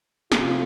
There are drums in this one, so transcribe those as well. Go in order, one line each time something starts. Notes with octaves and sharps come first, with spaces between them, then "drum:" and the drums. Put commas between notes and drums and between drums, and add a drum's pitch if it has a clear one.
C3 F3 A3 C4 F4, drum: snare